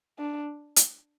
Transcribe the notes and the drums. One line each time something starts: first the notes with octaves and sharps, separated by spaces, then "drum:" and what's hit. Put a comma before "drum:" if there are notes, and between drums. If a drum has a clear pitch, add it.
D4
drum: hi-hat